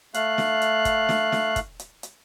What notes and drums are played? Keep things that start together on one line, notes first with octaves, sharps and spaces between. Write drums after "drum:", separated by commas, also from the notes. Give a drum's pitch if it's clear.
A3 F5 F#6, drum: hi-hat
drum: snare
drum: hi-hat
drum: kick, hi-hat
drum: snare
drum: snare
drum: kick, hi-hat
drum: hi-hat
drum: hi-hat